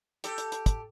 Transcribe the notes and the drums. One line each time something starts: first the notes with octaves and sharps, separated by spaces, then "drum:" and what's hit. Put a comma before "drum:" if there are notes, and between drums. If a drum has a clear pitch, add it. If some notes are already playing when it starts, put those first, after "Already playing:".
G4 A4, drum: hi-hat
drum: hi-hat
drum: hi-hat
drum: kick, hi-hat